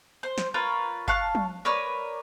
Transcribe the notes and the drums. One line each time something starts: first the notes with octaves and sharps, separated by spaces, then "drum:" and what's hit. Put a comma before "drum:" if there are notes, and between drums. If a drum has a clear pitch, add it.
C5
drum: snare
F4 A#4 B4 C#5
F5 A5 C#6 F#6, drum: kick G1
drum: tom
A#4 B4 C#5 D5